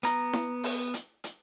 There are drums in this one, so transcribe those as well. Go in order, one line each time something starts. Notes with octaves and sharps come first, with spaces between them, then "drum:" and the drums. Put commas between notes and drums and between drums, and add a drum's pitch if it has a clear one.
B3 A#5, drum: hi-hat
drum: snare E4
drum: open hi-hat
drum: hi-hat
drum: hi-hat